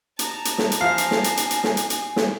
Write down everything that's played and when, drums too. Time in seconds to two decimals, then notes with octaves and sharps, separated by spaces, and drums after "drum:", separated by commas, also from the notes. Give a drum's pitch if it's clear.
0.19 A5 A#5, drum: hi-hat
0.45 drum: hi-hat
0.58 drum: snare
0.72 drum: hi-hat
0.81 F3 F5 G#5 C7
0.98 drum: hi-hat
1.11 drum: snare
1.24 drum: hi-hat
1.37 drum: hi-hat
1.51 drum: hi-hat
1.64 drum: snare
1.77 drum: hi-hat
1.90 drum: hi-hat
2.16 drum: snare